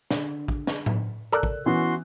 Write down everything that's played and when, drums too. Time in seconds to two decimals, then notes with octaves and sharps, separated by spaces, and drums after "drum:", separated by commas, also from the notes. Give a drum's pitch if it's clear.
0.11 D3, drum: snare
0.48 drum: kick
0.67 drum: snare
0.86 drum: tom A2
1.32 A4 A#4 D5 E6 F#6
1.43 drum: kick
1.66 E3 B3 C#4 F#4 C6